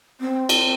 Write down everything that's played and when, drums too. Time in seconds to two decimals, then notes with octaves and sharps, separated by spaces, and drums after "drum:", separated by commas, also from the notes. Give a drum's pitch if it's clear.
0.21 C4
0.49 drum: cymbal